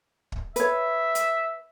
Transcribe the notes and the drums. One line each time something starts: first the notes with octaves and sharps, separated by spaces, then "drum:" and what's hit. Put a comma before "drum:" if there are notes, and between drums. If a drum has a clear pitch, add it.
drum: kick
B4 C#5 E5, drum: hi-hat
drum: hi-hat